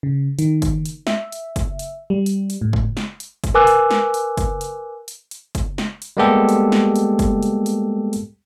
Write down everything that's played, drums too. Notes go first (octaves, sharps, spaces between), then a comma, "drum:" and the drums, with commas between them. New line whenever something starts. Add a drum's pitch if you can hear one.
C#3
D#3, drum: hi-hat
drum: kick, hi-hat
drum: hi-hat
E5, drum: snare
drum: hi-hat
drum: kick, hi-hat
drum: hi-hat
G3
drum: hi-hat
drum: hi-hat
A2
drum: kick
drum: snare
drum: hi-hat
drum: kick, hi-hat
A#4 B4 G#5 D6 E6 F#6
drum: hi-hat
drum: snare
drum: hi-hat
drum: kick, hi-hat
drum: hi-hat
drum: hi-hat
drum: hi-hat
drum: kick, hi-hat
drum: snare
drum: hi-hat
G3 G#3 A#3 B3 G4 A4
drum: hi-hat
drum: snare
drum: hi-hat
drum: kick, hi-hat
drum: hi-hat
drum: hi-hat
drum: hi-hat